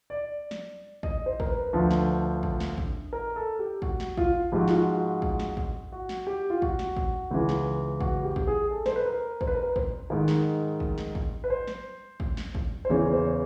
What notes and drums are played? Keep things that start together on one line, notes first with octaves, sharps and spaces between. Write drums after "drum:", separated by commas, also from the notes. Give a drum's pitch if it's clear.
D5
drum: snare
D#5, drum: kick
C5
A#4, drum: kick
B4
D2 D3 F3
drum: snare
drum: kick
drum: snare
drum: kick
A#4
A4
G4
F#4, drum: kick
drum: snare
F4, drum: kick
G#2 F3 G4
F#4
F4, drum: snare
F#4
drum: kick
drum: snare
drum: kick
F#4
drum: snare
G4
F4
F#4, drum: kick
drum: snare
drum: kick
C#2 C#3 E3
drum: snare
F#4, drum: kick
G4
drum: kick
G#4
A4
C5, drum: snare
B4
A#4
C5, drum: kick
B4
A#4
B4
C5, drum: kick
G#2 D#3
drum: snare
drum: kick
drum: snare
drum: kick
B4
C5
drum: snare
drum: kick
drum: snare
drum: kick
C5
E2 C#3 E3 C#5
C5
C#5